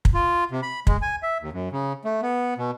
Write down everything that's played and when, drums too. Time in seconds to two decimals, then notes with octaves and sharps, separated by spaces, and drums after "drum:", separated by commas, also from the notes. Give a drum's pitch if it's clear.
0.05 drum: kick
0.14 F4
0.51 C3
0.62 B5
0.87 G#3, drum: kick
1.02 G#5
1.23 E5
1.41 D#2
1.53 F#2
1.72 C#3
2.05 A3
2.22 B3
2.58 B2